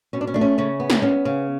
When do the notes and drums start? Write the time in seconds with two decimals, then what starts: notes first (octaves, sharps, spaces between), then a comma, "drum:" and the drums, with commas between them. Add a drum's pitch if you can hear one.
0.13 B2 C#4
0.21 D4
0.27 C#4
0.34 A3 D4
0.41 C#4
0.58 C#3 C#4
0.80 B3
0.90 drum: snare
1.02 B3 C#4
1.25 C#3